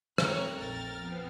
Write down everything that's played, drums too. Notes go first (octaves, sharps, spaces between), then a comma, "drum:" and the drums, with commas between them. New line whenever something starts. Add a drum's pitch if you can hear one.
E2 D#3 A3 C4 C#5 A#5 F#6, drum: rim click
A#1 F2 A#4 G5 F6 A6
F3 B3 C4